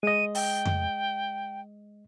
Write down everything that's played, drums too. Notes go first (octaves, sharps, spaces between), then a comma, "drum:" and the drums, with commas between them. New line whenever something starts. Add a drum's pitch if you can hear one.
G#3 D#5 D#7
G5, drum: open hi-hat
drum: tom F2